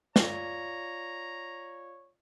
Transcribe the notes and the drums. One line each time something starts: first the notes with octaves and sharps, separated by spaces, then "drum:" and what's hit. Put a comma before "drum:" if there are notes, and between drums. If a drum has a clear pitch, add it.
F4 C#5 D5 F5 A#5, drum: snare